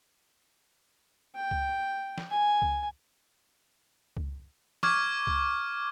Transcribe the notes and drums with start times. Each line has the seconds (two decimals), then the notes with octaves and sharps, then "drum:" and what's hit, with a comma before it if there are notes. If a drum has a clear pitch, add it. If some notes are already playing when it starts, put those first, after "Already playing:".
1.36 G5
1.51 drum: kick C#2
2.18 drum: snare
2.31 G#5
2.62 drum: kick C#2
4.17 drum: kick C#2
4.83 C#6 D6 F6 G#6, drum: snare
5.27 drum: kick C#2